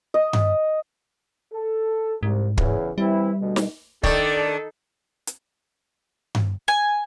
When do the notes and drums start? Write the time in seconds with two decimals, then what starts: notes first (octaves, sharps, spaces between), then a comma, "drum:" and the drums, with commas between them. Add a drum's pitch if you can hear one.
0.14 D#5
0.33 drum: tom G2
1.53 A4
2.23 C2 G#2
2.58 E2 C#3, drum: kick
2.98 E3 G3 C4 E4
3.40 D2 B2
3.56 drum: snare
4.04 D#3 D4 A4 D5, drum: kick
5.27 drum: hi-hat
6.35 drum: tom G2
6.68 G#5